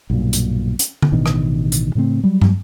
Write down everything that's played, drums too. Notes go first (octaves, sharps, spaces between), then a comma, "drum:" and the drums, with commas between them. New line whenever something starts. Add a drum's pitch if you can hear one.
B1 G2 A#2
drum: hi-hat
drum: hi-hat
drum: tom D3
A1 B2 D3 D#3
drum: rim click
drum: hi-hat
A2 C#3 A3 C4
F#3 G3
drum: tom